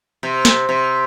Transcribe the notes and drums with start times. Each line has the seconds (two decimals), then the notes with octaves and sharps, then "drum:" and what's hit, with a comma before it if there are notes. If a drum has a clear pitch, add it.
0.23 C3
0.45 drum: snare
0.69 C3